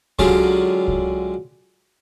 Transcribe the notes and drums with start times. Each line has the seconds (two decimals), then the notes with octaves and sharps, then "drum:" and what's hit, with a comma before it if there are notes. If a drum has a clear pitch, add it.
0.19 D3 F#3 G#3 C#4 F4 G4, drum: kick C2
0.88 drum: kick C2